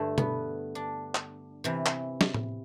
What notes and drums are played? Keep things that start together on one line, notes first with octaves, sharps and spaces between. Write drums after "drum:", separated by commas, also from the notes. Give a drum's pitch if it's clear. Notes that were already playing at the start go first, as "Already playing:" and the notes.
Already playing: G2 D3 A3
B3, drum: tom B2
D4
drum: clap
C3 E3
drum: clap
drum: snare
drum: tom A2